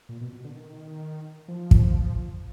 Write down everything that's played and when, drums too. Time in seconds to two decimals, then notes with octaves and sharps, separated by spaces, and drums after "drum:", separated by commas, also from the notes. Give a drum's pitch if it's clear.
0.09 A#2
0.21 B2
0.33 B2
0.44 D3
0.55 D#3
1.48 F3
1.71 drum: kick